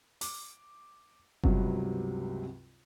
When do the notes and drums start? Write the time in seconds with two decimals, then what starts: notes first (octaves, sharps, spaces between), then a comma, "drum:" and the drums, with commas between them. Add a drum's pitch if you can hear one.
0.21 D6, drum: open hi-hat
1.44 C#2 G2 C3 F#3, drum: kick F#1